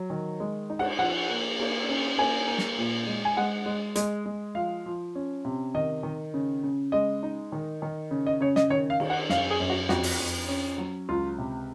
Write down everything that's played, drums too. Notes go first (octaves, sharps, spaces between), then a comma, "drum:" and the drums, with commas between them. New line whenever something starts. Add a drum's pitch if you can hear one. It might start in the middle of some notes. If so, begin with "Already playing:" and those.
Already playing: F#3
D#3
G#3
D#4
F#5, drum: cymbal
F3 F#5
A#3
A#3, drum: cymbal
C#4
A#3 G#5, drum: cymbal
A#3
drum: snare
A#2
G#3
G#5
G#3 F#5
G#3
G#3, drum: hi-hat
G#3
F3 F5
F3
C#4
C3
D#3 D#5
D#3
C#3
C#3
G#3 D#5
D#4
D#3
D#3
C#3
D#5
C#3 C#5
D#5, drum: snare
D#3 C#5
F5
D#3, drum: cymbal
F#5
F#2 F5, drum: snare
G#4
F#2
F#4
F2 F#4, drum: snare
drum: open hi-hat
F2
C#4
F#3
C#2 F4
C3